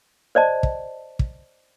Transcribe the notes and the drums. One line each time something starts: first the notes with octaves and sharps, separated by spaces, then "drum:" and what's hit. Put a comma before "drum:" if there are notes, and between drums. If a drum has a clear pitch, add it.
C5 D5 D#5 A5
drum: kick
drum: kick